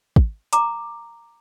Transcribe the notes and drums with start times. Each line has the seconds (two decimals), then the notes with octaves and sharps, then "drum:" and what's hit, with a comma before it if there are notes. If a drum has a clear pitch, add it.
0.16 drum: kick
0.53 A#5 D6, drum: hi-hat